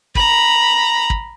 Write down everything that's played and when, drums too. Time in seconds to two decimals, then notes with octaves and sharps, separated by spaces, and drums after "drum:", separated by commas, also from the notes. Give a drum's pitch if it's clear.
0.15 A#5 B5, drum: kick
1.10 drum: kick